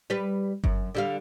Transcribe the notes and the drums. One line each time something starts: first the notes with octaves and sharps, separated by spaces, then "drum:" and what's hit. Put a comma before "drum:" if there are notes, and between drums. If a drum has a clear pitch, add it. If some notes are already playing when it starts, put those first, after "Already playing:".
G3 B4
F#2, drum: kick G1
D3 G3 F5